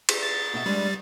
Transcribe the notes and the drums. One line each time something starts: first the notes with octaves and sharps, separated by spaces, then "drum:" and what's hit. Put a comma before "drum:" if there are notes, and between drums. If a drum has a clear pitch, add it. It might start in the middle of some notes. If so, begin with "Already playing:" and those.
drum: cymbal
A6
B2 D#5 E5
G3 G#3 D4